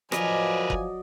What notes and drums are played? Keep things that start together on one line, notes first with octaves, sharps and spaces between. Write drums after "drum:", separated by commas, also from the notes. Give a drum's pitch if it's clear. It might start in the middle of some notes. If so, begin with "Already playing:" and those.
F3 F#3 A#4 B4 D5 D#5 G#5, drum: rim click
drum: kick F#1